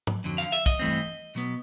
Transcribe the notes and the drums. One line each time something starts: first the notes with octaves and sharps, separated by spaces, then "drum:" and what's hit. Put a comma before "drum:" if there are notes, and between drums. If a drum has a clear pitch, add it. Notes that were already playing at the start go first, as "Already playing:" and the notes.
drum: tom
F2 D3 F#3
F5
E5, drum: hi-hat
D#5, drum: kick
G2 E3 A3 C4
B2 F#3 B3